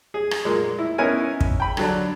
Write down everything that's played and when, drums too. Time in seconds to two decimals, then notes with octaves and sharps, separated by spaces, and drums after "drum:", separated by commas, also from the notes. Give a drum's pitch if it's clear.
0.14 G#4
0.31 drum: rim click
0.45 A#2 G#3 A#3
0.79 E4
0.98 B3 C#4 D#4 E4 A#4 G#5
1.41 drum: kick
1.60 G5 B5
1.77 D3 F#3 D4, drum: rim click